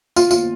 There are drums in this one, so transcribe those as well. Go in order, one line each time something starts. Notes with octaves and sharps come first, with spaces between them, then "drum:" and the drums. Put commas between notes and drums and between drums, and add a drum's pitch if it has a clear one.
F4, drum: tambourine
F4, drum: tambourine